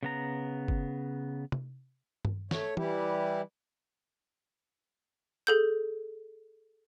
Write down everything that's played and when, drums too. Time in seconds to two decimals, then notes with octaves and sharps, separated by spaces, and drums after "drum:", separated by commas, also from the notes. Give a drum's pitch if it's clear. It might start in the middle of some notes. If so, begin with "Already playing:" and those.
0.03 C#3 B3 A#5
0.68 drum: kick
1.52 drum: tom
2.25 drum: tom G2
2.51 A3 C#5, drum: snare
2.77 E3 G3 E4 G4, drum: tom E3
5.47 G#4 A4 G6